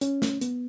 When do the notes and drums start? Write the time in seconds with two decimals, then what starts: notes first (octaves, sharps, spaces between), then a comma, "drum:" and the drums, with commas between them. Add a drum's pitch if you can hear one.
0.01 C#4, drum: hi-hat
0.22 drum: snare
0.41 B3, drum: hi-hat